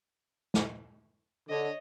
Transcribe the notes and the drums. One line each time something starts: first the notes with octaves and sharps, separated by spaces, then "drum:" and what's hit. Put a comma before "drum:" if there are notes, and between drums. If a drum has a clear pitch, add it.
drum: snare
D3 C#5 D#5